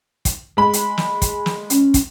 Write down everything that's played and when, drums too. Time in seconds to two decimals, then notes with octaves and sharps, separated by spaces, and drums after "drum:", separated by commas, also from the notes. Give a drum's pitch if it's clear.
0.25 drum: kick, hi-hat
0.57 G#3 B5
0.73 drum: hi-hat
0.98 drum: snare
1.22 drum: kick, hi-hat
1.46 drum: snare
1.70 C#4, drum: hi-hat
1.94 drum: kick, hi-hat